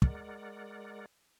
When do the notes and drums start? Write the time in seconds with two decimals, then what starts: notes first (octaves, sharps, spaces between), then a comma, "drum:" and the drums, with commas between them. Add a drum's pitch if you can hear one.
0.02 G#3 A#4 D5 F#5, drum: kick